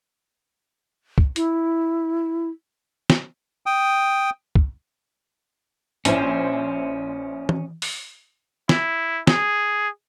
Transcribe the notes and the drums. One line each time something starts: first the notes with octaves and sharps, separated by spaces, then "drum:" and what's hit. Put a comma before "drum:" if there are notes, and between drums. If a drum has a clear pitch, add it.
drum: kick
E4, drum: hi-hat
drum: snare
G5 D#6
drum: kick
A#1 C#4 E4 C5, drum: hi-hat
drum: tom E3
drum: open hi-hat
E4, drum: snare
G#4, drum: snare